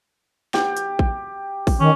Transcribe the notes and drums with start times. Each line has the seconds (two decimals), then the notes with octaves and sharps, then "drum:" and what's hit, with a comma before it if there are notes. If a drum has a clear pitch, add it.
0.54 G4, drum: snare
0.77 drum: hi-hat
0.99 drum: kick
1.67 drum: kick, open hi-hat
1.80 D#3 C#4